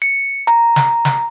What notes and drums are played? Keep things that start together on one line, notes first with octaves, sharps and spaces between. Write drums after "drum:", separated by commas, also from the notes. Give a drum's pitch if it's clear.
C#7
A#5, drum: hi-hat
drum: snare
drum: snare